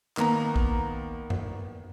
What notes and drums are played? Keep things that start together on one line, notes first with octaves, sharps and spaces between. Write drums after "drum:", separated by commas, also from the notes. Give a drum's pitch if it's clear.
D#3 A#3 B3 A#5, drum: clap
drum: kick A#1
drum: tom F#2